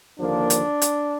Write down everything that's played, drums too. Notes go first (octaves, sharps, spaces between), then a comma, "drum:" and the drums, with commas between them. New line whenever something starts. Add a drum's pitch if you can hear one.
D#2 D3 F3 A#3 D4
drum: hi-hat
drum: hi-hat